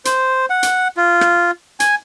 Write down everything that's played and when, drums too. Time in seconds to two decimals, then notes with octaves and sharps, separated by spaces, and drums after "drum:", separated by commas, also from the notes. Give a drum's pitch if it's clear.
0.05 C5, drum: hi-hat
0.50 F#5
0.63 drum: hi-hat
0.97 F4
1.21 drum: rim click
1.80 G#5, drum: hi-hat